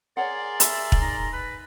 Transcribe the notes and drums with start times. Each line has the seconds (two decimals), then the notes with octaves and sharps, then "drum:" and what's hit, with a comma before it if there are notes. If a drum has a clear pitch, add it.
0.17 G#4 A#4 C#5 D5 F#5 C6
0.60 E5, drum: hi-hat
0.92 drum: kick
1.02 D#4 A#5
1.33 B4